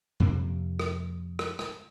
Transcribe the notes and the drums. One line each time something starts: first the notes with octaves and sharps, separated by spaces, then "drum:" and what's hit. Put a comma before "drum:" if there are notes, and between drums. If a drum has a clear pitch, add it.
F2 C3 A#3
drum: rim click
drum: rim click
drum: rim click